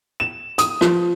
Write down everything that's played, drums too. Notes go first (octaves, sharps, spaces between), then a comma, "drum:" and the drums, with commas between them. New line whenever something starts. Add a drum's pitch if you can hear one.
E7
D#6, drum: hi-hat
F3, drum: rim click